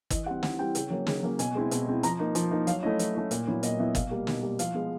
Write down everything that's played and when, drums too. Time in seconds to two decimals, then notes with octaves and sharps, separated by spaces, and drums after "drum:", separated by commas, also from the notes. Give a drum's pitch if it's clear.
0.10 E3 D#5, drum: kick, hi-hat
0.26 G3 C4 F#5
0.43 E3 F#5, drum: snare
0.59 G3 C4 G5
0.75 C#3, drum: hi-hat
0.90 F#3 A#3 C#4
1.07 C#3, drum: snare
1.23 F#3 A#3 C#4
1.39 B2 G#5, drum: hi-hat
1.55 G#3 C4 E4
1.71 B2, drum: hi-hat
1.86 G#3 C4 E4
2.03 F3 A#5, drum: hi-hat
2.19 A#3 D#4
2.35 F3, drum: hi-hat
2.51 A#3 D#4
2.67 F#3 F5, drum: hi-hat
2.83 A3 C#4 E4 D#5
2.99 F#3, drum: hi-hat
3.15 A3 C#4 E4
3.31 A#2, drum: hi-hat
3.47 F#3 B3 E4
3.63 A#2 D#5, drum: hi-hat
3.79 F#3 B3 E4 E5
3.95 B2 F5, drum: kick, hi-hat
4.11 G3 A#3
4.27 B2, drum: snare
4.43 G3 A#3
4.59 F3 F5, drum: hi-hat
4.74 G#3 B3